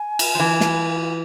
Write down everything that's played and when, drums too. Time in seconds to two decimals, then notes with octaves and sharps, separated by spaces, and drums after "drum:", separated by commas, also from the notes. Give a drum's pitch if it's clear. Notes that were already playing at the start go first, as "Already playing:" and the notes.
Already playing: G#5
0.19 drum: cymbal
0.35 F3
0.40 E3
0.61 drum: snare